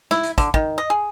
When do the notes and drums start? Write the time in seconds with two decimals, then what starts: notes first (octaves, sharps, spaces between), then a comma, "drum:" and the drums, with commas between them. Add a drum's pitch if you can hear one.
0.11 E4, drum: snare
0.23 drum: hi-hat
0.38 D3, drum: kick, hi-hat
0.54 D#3, drum: kick
0.78 D#5
0.90 G#4